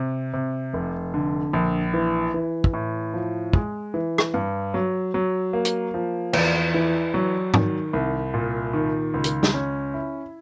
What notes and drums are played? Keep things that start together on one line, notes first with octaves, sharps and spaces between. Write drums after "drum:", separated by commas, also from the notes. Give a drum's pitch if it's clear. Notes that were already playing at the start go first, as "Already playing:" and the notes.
Already playing: C3
C3
F1
D3
A#1
E3
E3
drum: kick
A2
F3
G#3, drum: kick
E3
drum: rim click
G2
F#3
F#3
A#3
drum: hi-hat
F3
E2, drum: cymbal
E3
F#3
D#3, drum: tom G#2
C2
A#2
D#3
C#2
drum: hi-hat
drum: snare
C#4
E4